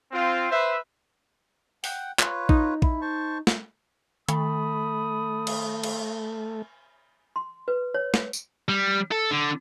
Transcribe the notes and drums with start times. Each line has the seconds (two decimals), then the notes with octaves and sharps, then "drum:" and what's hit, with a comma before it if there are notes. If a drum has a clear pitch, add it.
0.12 C4 F4
0.51 B4 C5 E5
1.84 F#5 G5, drum: open hi-hat
2.19 F4 B4 C#5, drum: clap
2.49 D#4, drum: kick A#1
2.82 E4, drum: kick A#1
3.02 C5 A5 C#6
3.47 drum: snare
4.29 D#3 A3 B5 D#6, drum: hi-hat
5.47 drum: cymbal
5.83 drum: cymbal
7.36 C6
7.68 B4
7.94 C#5
8.14 drum: snare
8.33 drum: tambourine
8.69 G3
9.11 A4
9.31 D3